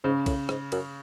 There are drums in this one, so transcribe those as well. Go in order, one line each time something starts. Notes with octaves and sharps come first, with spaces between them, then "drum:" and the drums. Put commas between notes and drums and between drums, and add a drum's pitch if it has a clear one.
G#2 C#3
A2, drum: kick, cymbal
G#2, drum: rim click
F#2, drum: cymbal